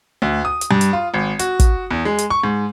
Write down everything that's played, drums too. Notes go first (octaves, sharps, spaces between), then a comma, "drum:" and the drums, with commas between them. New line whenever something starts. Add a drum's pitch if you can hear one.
D2
D#6
drum: hi-hat
G2
drum: hi-hat
F4
G#1
F#4, drum: hi-hat
drum: kick, hi-hat
E2
G#3
drum: hi-hat
C#6
G#2